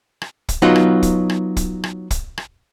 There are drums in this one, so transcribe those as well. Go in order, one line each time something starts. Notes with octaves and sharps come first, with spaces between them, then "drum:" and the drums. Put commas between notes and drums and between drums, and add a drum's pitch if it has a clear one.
drum: rim click
drum: kick, hi-hat
F#3 B3 D#4 F4
drum: rim click
drum: kick, hi-hat
drum: rim click
drum: kick, hi-hat
drum: rim click
drum: kick, hi-hat
drum: rim click